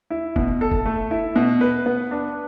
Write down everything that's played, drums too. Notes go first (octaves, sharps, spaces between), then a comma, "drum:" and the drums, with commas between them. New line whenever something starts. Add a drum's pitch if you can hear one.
E4
B2, drum: kick
A4
drum: kick
A3
E4
B2
B4
B3
D4